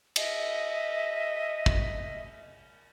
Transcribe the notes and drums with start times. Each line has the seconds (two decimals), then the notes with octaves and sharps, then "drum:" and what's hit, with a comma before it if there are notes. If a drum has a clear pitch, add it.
0.16 D#5 E5, drum: cymbal
1.66 drum: kick